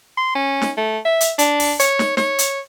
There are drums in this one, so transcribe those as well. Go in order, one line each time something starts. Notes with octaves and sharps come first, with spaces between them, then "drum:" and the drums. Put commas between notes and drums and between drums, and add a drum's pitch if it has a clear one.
C6
C#4
drum: snare
A3
E5
drum: hi-hat
D4, drum: hi-hat
drum: open hi-hat
C#5, drum: hi-hat
drum: snare
C#5, drum: snare
drum: hi-hat